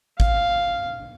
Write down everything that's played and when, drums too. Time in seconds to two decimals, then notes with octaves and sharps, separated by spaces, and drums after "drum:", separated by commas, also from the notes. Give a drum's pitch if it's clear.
0.20 F5, drum: kick